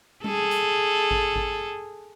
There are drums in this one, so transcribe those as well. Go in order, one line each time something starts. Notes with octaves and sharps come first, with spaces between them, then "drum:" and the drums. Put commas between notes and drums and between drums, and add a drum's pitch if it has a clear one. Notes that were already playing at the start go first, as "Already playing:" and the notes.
G#4 A4, drum: tom G3
drum: hi-hat
drum: kick G#1
drum: kick G#1